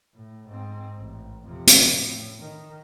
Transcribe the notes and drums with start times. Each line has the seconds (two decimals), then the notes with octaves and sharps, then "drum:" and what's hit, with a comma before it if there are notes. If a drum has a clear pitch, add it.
0.15 A2
0.49 G#2 C4
0.98 A1
1.46 F2 C3
1.67 drum: hi-hat
1.93 A2
2.40 D#3